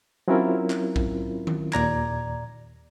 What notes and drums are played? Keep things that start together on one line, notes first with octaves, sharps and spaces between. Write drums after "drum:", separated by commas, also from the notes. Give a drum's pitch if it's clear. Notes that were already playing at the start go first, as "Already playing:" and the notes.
F#3 C4 C#4 E4 F4 A#4
drum: clap
drum: kick A#1
drum: tom D#3
D#2 A#2 D5 A#5 G#6, drum: clap